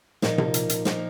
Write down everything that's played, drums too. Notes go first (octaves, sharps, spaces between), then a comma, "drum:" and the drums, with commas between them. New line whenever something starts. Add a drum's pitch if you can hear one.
A#2 F3 A#3 D#4, drum: snare
drum: tom C3
drum: hi-hat
drum: hi-hat
A#2 F3 A#3 D#4, drum: snare